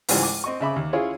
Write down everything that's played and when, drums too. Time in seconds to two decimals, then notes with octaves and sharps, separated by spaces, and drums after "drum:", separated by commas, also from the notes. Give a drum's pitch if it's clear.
0.09 C#2 G#2 E3 F3 G3, drum: open hi-hat
0.23 D6
0.44 C4 D#5 C#6
0.60 C#3 E5 B5 D6
0.76 D#2
0.93 C#4 E4 F4 G#4 C#5